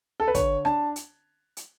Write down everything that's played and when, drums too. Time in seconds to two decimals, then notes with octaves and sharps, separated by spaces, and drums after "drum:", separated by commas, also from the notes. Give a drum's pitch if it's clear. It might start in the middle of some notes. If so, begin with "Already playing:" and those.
0.20 A4
0.28 B4
0.35 D3 C#5, drum: kick, hi-hat
0.65 D4 A5, drum: rim click
0.96 drum: hi-hat
1.57 drum: hi-hat